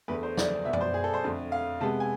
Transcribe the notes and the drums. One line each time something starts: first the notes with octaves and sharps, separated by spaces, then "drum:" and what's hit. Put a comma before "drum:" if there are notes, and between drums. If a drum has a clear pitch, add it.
E2 D3 A3 B4
C5
D5, drum: snare
B2 B3 E5
D5, drum: tom F#2
C5
G#4
A4
C5
F2 D3 A3
F5
C3 G#3 B3 A5
G#5